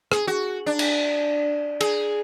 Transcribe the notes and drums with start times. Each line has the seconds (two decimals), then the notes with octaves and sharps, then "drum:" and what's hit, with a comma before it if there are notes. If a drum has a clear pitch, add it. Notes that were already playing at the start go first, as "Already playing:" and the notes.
0.12 G#4, drum: rim click
0.27 F#4
0.66 D4
0.79 drum: cymbal
1.81 G#4, drum: cymbal